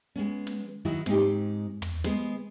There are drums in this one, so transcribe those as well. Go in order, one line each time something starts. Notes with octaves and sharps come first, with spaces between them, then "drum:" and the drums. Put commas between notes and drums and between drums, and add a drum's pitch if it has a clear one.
G#3 B3 C#4
drum: snare
D#3 F#3 D#4 E4 F#4
G#2 G#3 C4 C#4 D#4 G4, drum: snare
drum: tom
G#3 B3 G#4 C5, drum: snare